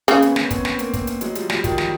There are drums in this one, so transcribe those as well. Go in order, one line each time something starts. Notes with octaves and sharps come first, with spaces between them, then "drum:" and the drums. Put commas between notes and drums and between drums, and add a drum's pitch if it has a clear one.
C#3 A#3 C4, drum: hi-hat
B3 C#4, drum: hi-hat
B3 C#4, drum: snare
C4
B3 C#4, drum: kick, hi-hat
drum: snare
A#3 C4, drum: hi-hat
A#3 C4, drum: kick, hi-hat
drum: hi-hat
F#3 G#3, drum: hi-hat
F3 G3, drum: hi-hat
F3 G3, drum: snare
D#3 F3, drum: kick, hi-hat
drum: snare